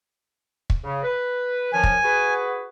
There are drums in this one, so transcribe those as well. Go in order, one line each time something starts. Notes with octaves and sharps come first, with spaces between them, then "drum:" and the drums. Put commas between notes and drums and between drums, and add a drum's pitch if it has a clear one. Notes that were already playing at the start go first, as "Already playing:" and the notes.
drum: kick
C#3
B4
F#2 D#3 F3 G#5
drum: kick
F#4 G#4 B4